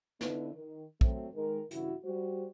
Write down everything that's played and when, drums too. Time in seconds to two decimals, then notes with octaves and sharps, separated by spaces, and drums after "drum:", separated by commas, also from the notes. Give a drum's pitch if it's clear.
0.21 D3 B3 D#4 E4 B4, drum: snare
0.55 D#3
1.01 F#3 A3 C4, drum: kick
1.34 D#3 G#3 A#4
1.71 G2 C#3 E3 E4 F#4, drum: hi-hat
2.03 G3 F#4 C5